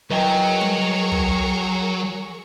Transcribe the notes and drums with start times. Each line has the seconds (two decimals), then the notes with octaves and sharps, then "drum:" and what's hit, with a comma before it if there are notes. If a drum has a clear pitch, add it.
0.11 F#3 G#4 A#4 B4 D#5 G5 C#6
0.61 drum: tom G3
1.12 drum: tom